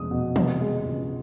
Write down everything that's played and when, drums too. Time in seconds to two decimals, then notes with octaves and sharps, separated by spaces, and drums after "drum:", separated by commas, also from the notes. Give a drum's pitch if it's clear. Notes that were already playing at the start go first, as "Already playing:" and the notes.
Already playing: F1 E2 G#3 D#6
0.11 B2
0.36 C3, drum: tom D#3
0.61 G#3
0.85 C#2